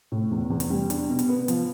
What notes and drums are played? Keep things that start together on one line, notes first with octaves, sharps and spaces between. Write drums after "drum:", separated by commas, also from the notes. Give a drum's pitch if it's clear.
A2
E2
E2
drum: hi-hat
G3
D4, drum: hi-hat
B2
drum: hi-hat
B3
F3, drum: hi-hat